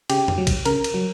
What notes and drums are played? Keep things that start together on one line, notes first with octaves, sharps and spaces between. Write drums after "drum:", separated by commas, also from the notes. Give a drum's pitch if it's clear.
C#3 G4, drum: cymbal
drum: tom F2
F#3
drum: kick, cymbal
C#3 A#4, drum: cymbal
drum: cymbal
F#3